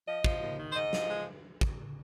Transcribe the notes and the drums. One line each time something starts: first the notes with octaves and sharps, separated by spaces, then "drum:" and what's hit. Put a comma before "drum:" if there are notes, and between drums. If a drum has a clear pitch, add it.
F3 D#5
F3, drum: kick
D#2
D#3
C5
G#2 D#5
F3, drum: snare
G#3
drum: kick